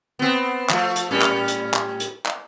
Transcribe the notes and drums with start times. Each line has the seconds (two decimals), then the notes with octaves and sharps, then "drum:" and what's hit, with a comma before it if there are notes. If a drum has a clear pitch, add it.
0.19 B3 C4
0.70 F3 A3, drum: clap
0.96 drum: hi-hat
1.11 A2 G3 C#4
1.22 drum: clap
1.48 drum: hi-hat
1.74 drum: clap
2.00 drum: hi-hat
2.26 drum: clap